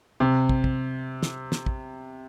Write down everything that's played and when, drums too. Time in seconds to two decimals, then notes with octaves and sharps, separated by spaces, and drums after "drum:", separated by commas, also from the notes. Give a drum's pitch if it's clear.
0.20 C3
0.49 drum: kick
0.64 drum: kick
1.23 drum: snare
1.52 drum: snare
1.66 drum: kick